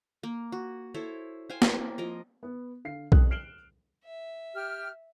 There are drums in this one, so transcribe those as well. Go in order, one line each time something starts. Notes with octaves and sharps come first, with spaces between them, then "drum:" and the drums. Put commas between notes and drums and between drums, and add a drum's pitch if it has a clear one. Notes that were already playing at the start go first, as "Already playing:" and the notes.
A#3
F#4
E4 A4 C5 C#5
C5 F5 G5 G#5
A#3 C4 E4, drum: snare
F3 A#4 D#5
B3
D3 F5 C7
F2 G4 D#6 F#6, drum: kick B1
F6 C7 D7 E7 F#7 G7
E5
G4 F6